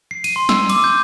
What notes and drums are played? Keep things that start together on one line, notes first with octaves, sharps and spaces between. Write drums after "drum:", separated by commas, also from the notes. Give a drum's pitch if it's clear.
C7
D#7, drum: cymbal
C6
E6, drum: snare
D6, drum: cymbal
G6